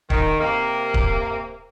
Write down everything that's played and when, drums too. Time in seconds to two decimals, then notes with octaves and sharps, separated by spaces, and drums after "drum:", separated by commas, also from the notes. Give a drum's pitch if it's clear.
0.10 D#3, drum: kick D1
0.39 C3 A#3
0.94 drum: kick D1